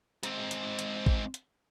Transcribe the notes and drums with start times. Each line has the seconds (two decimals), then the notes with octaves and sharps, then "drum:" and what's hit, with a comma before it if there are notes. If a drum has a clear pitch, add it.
0.23 G#2 C4, drum: hi-hat
0.51 drum: hi-hat
0.79 drum: hi-hat
1.06 drum: kick
1.34 drum: hi-hat